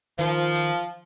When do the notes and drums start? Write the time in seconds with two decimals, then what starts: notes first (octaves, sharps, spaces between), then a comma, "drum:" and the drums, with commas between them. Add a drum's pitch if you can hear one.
0.19 D#3 F3, drum: hi-hat
0.55 drum: hi-hat